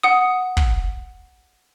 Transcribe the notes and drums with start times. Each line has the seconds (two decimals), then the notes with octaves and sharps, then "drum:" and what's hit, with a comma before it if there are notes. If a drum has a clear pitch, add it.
0.03 F#5 D#6
0.57 drum: kick